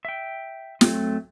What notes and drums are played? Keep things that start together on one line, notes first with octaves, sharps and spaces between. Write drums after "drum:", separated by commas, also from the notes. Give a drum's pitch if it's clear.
E5 G5
F#3 A3 C4, drum: snare